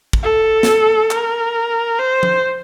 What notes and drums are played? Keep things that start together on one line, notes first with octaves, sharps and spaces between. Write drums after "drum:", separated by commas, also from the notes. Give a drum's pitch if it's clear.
drum: kick
A4
drum: snare
A#4, drum: clap
C5
drum: tom F3